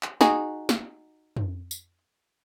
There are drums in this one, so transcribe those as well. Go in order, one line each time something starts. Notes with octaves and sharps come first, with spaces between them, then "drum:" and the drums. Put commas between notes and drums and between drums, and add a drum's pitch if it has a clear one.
drum: clap
D#4 F#4 G#4, drum: snare
drum: snare
drum: tom
drum: tambourine